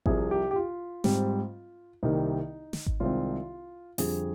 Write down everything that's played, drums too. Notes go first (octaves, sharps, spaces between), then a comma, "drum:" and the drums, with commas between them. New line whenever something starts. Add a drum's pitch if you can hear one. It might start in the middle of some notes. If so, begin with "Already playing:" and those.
C2 C3 F3 G#4, drum: kick G#1
G4
G4
F4
G#2 G3 C4, drum: snare
C2 C3 D#3 G3 A#3 D#4
drum: snare
drum: kick G#1
C2 C3 D#3 G#3 C4 F4
F2 D3 G3 G#4, drum: open hi-hat